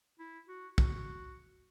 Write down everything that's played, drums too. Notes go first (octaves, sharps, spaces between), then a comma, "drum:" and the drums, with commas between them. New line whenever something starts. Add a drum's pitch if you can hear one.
E4
F#4
F#4, drum: kick